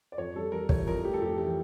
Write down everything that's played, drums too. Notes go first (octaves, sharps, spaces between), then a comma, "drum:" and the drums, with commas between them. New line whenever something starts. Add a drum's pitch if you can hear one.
D5
F2 C#5
G3 A4
G3 A#4
E3 C#5, drum: kick
F2 A#4
F1 G4
A4
F1 G4
E3 G4